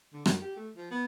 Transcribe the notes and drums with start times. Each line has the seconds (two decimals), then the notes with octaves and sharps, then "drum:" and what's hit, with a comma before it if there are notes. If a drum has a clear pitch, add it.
0.13 D3
0.26 F#2, drum: rim click
0.41 G4
0.56 A3
0.76 F3
0.91 B3